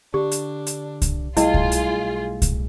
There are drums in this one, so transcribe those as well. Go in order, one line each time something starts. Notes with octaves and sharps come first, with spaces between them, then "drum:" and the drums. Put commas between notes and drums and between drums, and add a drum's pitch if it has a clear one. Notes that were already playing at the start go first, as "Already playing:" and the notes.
D3 D4 G4
drum: hi-hat
drum: hi-hat
drum: kick C2, hi-hat
B1 G3 A3 E4 F4 G#4 D#5, drum: hi-hat
drum: kick C2
drum: hi-hat
drum: kick C2, hi-hat